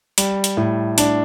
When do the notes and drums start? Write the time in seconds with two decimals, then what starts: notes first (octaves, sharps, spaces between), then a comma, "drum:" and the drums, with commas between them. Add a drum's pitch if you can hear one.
0.18 G3, drum: hi-hat
0.44 drum: hi-hat
0.57 A2
0.98 D4, drum: hi-hat